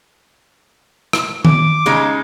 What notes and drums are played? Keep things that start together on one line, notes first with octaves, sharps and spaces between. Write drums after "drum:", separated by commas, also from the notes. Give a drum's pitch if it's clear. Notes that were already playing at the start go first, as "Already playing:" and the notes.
drum: rim click
D6, drum: tom D#3
C#3 G#3 D#4